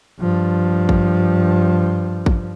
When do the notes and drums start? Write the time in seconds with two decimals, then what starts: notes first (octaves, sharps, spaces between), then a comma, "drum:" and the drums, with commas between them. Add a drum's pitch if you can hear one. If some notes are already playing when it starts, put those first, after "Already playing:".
0.20 G2 F3
0.89 drum: kick
2.26 drum: kick